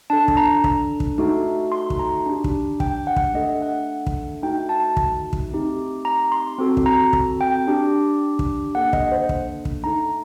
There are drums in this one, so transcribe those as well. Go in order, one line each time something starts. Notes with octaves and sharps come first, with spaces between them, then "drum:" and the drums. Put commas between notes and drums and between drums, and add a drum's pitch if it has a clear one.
D4 A4 A5
drum: kick
A#5
drum: kick
drum: kick
A3 D#4 F#4 A4
C6
drum: kick
A#5
D4 G4
drum: kick
G5, drum: kick
F#5
drum: kick
A3 D4 A4 D#5
F#5
drum: kick
A3 D#4 F#4 A4 G5
A5
drum: kick
drum: kick
A3 C4 D#4 G4
A#5
C6
C4 F#4 A4
drum: kick
A#5
drum: kick
G5
D4 G4
drum: kick
A#3 D4 A4 F#5
D#5, drum: kick
C5
drum: kick
drum: kick
A3 D#4 A4 A#5